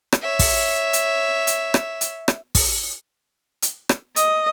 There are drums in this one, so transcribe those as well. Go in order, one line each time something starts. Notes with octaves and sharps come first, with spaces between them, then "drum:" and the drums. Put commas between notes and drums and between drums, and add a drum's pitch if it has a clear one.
drum: rim click
C#5 E5
drum: kick, open hi-hat
drum: hi-hat
drum: hi-hat
drum: rim click
drum: hi-hat
drum: rim click
drum: kick, open hi-hat
drum: hi-hat
drum: rim click
D#5, drum: hi-hat